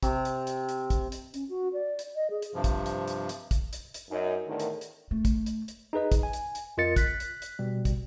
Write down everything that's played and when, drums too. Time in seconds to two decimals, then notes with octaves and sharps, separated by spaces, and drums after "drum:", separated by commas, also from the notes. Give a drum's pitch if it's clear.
0.03 C3, drum: kick, hi-hat
0.25 drum: hi-hat
0.47 drum: hi-hat
0.69 drum: hi-hat
0.90 drum: kick, hi-hat
1.12 drum: hi-hat
1.34 C#4, drum: hi-hat
1.49 F#4
1.73 D5
1.99 drum: hi-hat
2.16 D#5
2.30 G#4
2.42 drum: hi-hat
2.54 G2 C3 F3
2.64 drum: kick, hi-hat
2.86 drum: hi-hat
3.08 drum: hi-hat
3.29 drum: hi-hat
3.51 drum: kick, hi-hat
3.73 drum: hi-hat
3.94 drum: hi-hat
4.10 F#2 D#4
4.47 E2 A2 D3 D#3
4.60 drum: hi-hat
4.81 drum: hi-hat
5.11 A3
5.25 drum: kick, hi-hat
5.46 drum: hi-hat
5.68 drum: hi-hat
5.93 D#4 G#4 B4 D#5
6.12 drum: kick, hi-hat
6.23 G#5
6.33 drum: hi-hat
6.55 drum: hi-hat
6.77 F2 F4 A#4 D#5 A6 C#7
6.96 F#6 B6, drum: kick, hi-hat
7.20 drum: hi-hat
7.42 drum: hi-hat
7.59 B2 G3
7.85 drum: kick, hi-hat